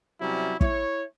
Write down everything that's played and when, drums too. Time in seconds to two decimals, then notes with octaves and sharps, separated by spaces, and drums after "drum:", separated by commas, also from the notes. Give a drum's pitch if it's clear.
0.21 C3 F#3 G3 C#4 E4
0.61 E4 C#5, drum: kick